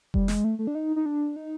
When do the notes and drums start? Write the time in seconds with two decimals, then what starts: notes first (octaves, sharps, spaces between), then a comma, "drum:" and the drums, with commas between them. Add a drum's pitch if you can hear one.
0.14 G3, drum: kick F1
0.28 G#3, drum: snare
0.44 A3
0.59 A3
0.67 D4
0.75 D#4
0.96 D#4
1.06 D4
1.36 D#4